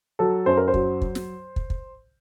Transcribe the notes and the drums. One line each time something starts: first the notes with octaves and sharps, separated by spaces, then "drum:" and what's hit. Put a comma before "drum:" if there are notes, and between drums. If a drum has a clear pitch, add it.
F#3 A4
F#2 C5
A#4
C5
F#3, drum: kick
drum: kick
drum: snare
drum: kick
drum: kick